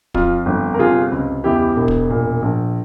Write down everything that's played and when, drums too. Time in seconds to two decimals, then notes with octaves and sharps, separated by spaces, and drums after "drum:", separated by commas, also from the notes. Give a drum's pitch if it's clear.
0.14 F2 F4, drum: kick
0.46 G1
0.74 A#4
0.79 C3 F4 G#4
1.12 C#2
1.44 E2 E4 G4
1.77 E1
1.88 drum: kick
2.10 A#2
2.42 A#1